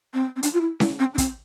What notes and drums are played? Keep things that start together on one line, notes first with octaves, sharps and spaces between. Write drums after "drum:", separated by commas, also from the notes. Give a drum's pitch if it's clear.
C4
C4
D4, drum: hi-hat
F4
E4
E4, drum: snare C#4
C4
D4
C4, drum: kick, hi-hat